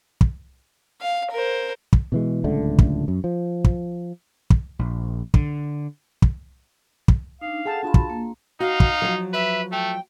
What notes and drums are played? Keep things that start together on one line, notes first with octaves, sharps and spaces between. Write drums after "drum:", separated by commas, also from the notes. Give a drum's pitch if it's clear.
drum: kick
F5
A#4 C5
drum: kick
B2 E3 G#3
D1 C#2 D3 A3
drum: kick
F#2
F3
drum: kick
drum: kick
A#1
D3, drum: kick
drum: kick
drum: kick
D4 D#4 F5
G#4 A4 F#5 G5 A5
D4 F4 F#4 A5 B5
drum: kick
A#3
D#4 F#4 F5
drum: kick
F3 F#3
B4 E5
A3 G5